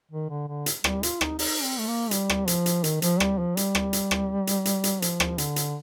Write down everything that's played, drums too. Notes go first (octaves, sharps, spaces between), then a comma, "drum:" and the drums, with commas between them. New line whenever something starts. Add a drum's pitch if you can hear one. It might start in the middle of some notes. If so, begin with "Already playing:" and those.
D#3
D3
D3
drum: hi-hat
G3, drum: rim click
F4, drum: hi-hat
D#4, drum: rim click
D#4, drum: open hi-hat
C4
A3
A#3
G3, drum: hi-hat
drum: rim click
F3, drum: hi-hat
drum: hi-hat
D#3, drum: hi-hat
F3, drum: hi-hat
G3, drum: rim click
F3
G3, drum: hi-hat
drum: rim click
drum: hi-hat
drum: rim click
drum: hi-hat
drum: hi-hat
drum: hi-hat
F3, drum: hi-hat
drum: rim click
D3, drum: hi-hat
drum: hi-hat